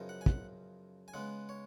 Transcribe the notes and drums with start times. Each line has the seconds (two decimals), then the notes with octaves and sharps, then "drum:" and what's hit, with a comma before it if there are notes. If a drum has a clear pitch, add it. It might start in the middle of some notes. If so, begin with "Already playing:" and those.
Already playing: F#2 C#3 F3 B3 D#4
0.09 F#5
0.21 G#5
0.26 F#5, drum: kick
1.08 G#5
1.14 C#3 G#3 B3 F#5
1.49 C#5